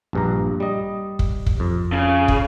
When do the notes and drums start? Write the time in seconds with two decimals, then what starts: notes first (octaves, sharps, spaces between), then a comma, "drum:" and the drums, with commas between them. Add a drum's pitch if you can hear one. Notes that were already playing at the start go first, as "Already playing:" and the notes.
0.13 A#1 G2 A#5
0.60 G3 D#5
1.19 drum: kick
1.46 drum: kick
1.60 F2
1.92 C#3
2.28 drum: kick